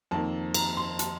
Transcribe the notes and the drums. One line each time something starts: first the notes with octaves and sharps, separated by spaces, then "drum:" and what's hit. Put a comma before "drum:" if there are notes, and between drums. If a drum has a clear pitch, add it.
F2 D#3 A#3 A5
A#5, drum: cymbal
C6
A5, drum: hi-hat